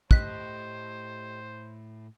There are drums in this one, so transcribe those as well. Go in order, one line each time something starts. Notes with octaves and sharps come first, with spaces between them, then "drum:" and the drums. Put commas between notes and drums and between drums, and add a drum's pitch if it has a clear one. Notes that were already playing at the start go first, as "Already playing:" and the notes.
A2 G4 C5 D#5 F#6 B6, drum: kick